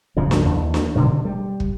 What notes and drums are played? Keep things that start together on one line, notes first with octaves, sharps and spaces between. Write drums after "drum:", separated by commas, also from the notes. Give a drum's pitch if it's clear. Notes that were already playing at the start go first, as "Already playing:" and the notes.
C2 G2 C#3 F3
drum: snare
D#2 E3
drum: snare
G2 B2 D3 D#3
G3
drum: kick